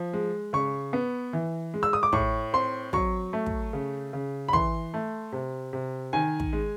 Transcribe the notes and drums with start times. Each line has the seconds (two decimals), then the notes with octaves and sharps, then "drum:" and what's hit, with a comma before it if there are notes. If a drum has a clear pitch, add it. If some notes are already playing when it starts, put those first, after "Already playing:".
Already playing: F3
0.13 G#3
0.53 C#3 C#6
0.93 B3
1.33 E3
1.74 G#3
1.83 E6
1.93 D#6
2.03 D6
2.13 A2 C#6, drum: kick
2.53 C4 C6
2.93 F#3 C#6, drum: kick
3.33 A3
3.46 drum: kick
3.73 C#3
4.13 C#3
4.48 B5
4.53 E3 C6, drum: kick
4.94 A3
5.32 C3
5.73 C3
6.13 D#3 G#5
6.40 drum: kick
6.53 G#3